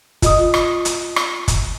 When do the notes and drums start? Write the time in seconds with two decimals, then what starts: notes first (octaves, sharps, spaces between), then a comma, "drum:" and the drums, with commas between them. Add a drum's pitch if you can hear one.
0.22 F4 D#5 D#6, drum: kick, hi-hat
0.54 drum: rim click
0.85 drum: hi-hat
1.16 drum: rim click
1.48 drum: kick, hi-hat